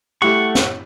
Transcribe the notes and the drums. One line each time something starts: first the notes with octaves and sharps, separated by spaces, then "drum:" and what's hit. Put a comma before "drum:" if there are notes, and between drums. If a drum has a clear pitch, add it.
G3 A3 E4 G4 F#5 C#6
drum: snare